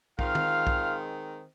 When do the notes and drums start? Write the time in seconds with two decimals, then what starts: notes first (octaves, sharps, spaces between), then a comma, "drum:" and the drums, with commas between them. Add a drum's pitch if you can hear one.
0.19 D#3 G#3 C4 F4 F5, drum: kick B1
0.35 drum: tom
0.67 drum: kick B1